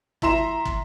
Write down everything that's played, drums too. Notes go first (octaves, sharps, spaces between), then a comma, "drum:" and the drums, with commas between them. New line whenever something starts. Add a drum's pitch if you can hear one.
E4 E5 A#5 C6 E7, drum: kick
drum: kick